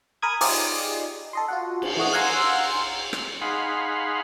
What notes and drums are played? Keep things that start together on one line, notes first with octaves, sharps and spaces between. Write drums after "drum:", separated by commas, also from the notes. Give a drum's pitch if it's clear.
A#4 G#5 B5 D#6 G#6
D#4 F4 G4 G#4 D5 D#5, drum: open hi-hat
A4 D#5 C6
F4 F#4 F#5
drum: cymbal
E3 A3 F#4 D#5
F5 F#5 G#5 A#5 C6 E6
drum: rim click
D#4 G#4 F5 F#5 B5 C6